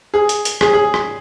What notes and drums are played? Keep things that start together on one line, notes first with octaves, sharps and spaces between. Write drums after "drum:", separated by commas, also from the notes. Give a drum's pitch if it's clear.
G#4
drum: hi-hat
drum: hi-hat
G#4, drum: rim click
G#4
drum: rim click